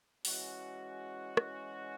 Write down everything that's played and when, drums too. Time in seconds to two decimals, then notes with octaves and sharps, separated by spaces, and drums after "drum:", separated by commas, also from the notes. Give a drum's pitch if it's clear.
0.25 E3 G#3 C#4 F#4, drum: open hi-hat
1.37 drum: rim click